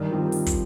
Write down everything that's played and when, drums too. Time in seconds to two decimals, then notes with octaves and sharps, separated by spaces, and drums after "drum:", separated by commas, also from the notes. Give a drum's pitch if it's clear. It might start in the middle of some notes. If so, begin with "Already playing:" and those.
Already playing: G2 D#3
0.11 F3 C4 G4
0.32 drum: open hi-hat
0.46 drum: kick, hi-hat